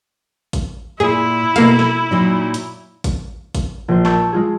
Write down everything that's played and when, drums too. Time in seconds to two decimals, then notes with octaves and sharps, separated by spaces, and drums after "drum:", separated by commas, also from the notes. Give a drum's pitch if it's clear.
0.53 drum: kick, hi-hat
1.00 A#2 E4 G#4
1.56 B2 A#3 A4 F5, drum: hi-hat
1.79 drum: snare
2.11 A#2 F#3 D#4
2.54 drum: hi-hat
3.04 drum: kick, hi-hat
3.55 drum: kick, hi-hat
3.88 A#1 C5
4.05 A5 C#6 D6 E6 G6 A6, drum: snare
4.33 G#3 F4 G#4